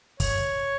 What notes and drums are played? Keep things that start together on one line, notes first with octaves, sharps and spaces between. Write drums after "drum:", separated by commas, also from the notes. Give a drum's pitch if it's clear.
C#5, drum: kick, open hi-hat